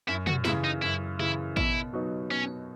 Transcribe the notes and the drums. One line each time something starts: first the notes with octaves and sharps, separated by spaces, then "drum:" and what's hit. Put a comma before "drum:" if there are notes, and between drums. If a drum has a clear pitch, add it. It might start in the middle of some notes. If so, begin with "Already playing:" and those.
F#2 E4
F#4, drum: tom
C#3 E3 E4, drum: snare
D#4
F#2 E4
C#3 E3 E4
B2 E4, drum: kick A1
F#3 B3 D#4 F#4
B2 C#4